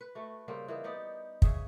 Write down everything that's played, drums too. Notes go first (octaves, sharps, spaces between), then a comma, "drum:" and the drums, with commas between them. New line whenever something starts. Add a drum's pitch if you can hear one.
B4
A3 F#4
C#3 G3 A#3 C4
E3 A#3 D#4
B3 D#4 G4 D5
C#3 C#4 G#4 E5, drum: kick